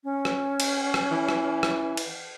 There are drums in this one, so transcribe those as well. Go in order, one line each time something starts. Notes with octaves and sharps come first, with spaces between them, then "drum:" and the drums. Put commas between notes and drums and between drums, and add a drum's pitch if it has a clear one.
C#4
drum: rim click
drum: cymbal
drum: rim click
E3
drum: rim click
drum: rim click
drum: cymbal